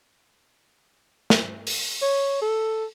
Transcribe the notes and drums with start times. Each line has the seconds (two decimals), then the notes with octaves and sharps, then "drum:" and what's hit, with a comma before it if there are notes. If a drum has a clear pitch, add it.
1.30 drum: snare
1.67 drum: open hi-hat
2.02 C#5
2.42 A4